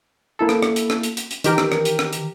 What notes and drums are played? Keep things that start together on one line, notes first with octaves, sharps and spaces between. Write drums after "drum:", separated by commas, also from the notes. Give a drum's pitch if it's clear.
A#3 E4 A4
drum: rim click
drum: rim click
drum: hi-hat
drum: rim click
drum: hi-hat
drum: hi-hat
drum: hi-hat
D#3 E3 G4 A#4, drum: hi-hat
drum: rim click
drum: rim click
drum: hi-hat
drum: rim click
drum: hi-hat